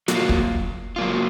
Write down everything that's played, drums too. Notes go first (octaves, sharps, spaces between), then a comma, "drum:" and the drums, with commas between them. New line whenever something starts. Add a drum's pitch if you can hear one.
F#3 A#3 F4, drum: snare
drum: kick
F#3 A#3 F4